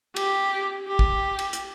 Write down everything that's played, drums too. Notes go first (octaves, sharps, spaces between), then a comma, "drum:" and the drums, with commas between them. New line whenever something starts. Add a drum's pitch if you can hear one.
G4, drum: cymbal
G4
drum: kick
drum: cymbal
drum: hi-hat